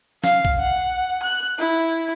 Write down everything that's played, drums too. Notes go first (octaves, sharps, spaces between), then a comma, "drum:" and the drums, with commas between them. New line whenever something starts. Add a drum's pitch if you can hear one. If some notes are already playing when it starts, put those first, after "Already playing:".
F5, drum: snare
drum: kick B1
F#5
F#6
E4